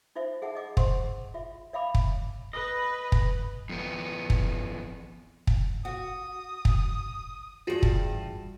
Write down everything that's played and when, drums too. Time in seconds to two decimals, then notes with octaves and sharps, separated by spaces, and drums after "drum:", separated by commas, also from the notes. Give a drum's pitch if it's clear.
0.16 D#4 F4 C5 E5
0.42 G#4 E5 F#5 A5
0.55 D#5 D6
0.77 C5 F#5 C6 C#6, drum: kick
1.34 F4 E5
1.73 C#5 E5 F5 B5 D6
1.95 drum: kick
2.53 B4 D#5
3.12 drum: kick
3.69 F2 B3
4.30 drum: kick
5.47 drum: kick
5.85 F#4 D#6
6.65 drum: kick
7.67 E2 G2 F4 F#4 G#4
7.83 drum: kick